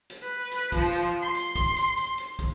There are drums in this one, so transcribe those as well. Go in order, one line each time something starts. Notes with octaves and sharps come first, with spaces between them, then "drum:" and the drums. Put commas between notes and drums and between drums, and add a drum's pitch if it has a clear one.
drum: hi-hat
B4
drum: hi-hat
F3, drum: kick, hi-hat
drum: hi-hat
C6
drum: hi-hat
drum: kick, hi-hat
drum: hi-hat
drum: hi-hat
drum: hi-hat
drum: kick, hi-hat